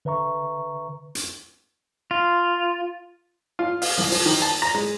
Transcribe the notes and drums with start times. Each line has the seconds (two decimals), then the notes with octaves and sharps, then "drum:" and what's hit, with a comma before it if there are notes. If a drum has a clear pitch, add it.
0.05 D3 B4 E5 A#5 C#6
1.15 drum: hi-hat
2.11 F4
3.59 F4
3.82 F5, drum: open hi-hat
3.98 C2, drum: snare
4.12 F3, drum: open hi-hat
4.26 D#3
4.42 A5
4.62 A#5
4.75 G#3